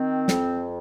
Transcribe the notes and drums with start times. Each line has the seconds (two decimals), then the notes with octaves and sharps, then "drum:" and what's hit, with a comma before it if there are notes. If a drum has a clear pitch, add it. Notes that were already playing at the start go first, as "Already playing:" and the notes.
Already playing: D#3 C4
0.28 F2, drum: snare